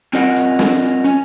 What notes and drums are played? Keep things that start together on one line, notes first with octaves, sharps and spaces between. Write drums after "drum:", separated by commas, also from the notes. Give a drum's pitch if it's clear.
C4 C#4 F4 A#4 D#5 F#5, drum: hi-hat
drum: hi-hat
drum: snare
drum: hi-hat
C#4, drum: hi-hat